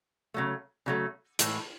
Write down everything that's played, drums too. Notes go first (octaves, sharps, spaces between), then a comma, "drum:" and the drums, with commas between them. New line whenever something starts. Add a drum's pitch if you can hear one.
C#3 F#3 A3
C#3 F#3 A3
A2 E3 G#3, drum: hi-hat